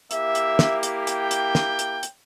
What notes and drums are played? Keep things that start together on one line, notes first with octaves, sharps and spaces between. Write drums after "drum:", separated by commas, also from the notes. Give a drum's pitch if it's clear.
A#3 E4 G4 E5, drum: hi-hat
drum: hi-hat
drum: snare
drum: hi-hat
G5, drum: hi-hat
drum: hi-hat
drum: snare
drum: hi-hat
drum: hi-hat